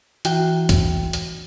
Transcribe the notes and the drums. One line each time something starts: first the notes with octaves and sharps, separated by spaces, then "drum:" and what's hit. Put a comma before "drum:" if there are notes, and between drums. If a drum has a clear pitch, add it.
E3 F#4 G5, drum: hi-hat
drum: kick, hi-hat
drum: hi-hat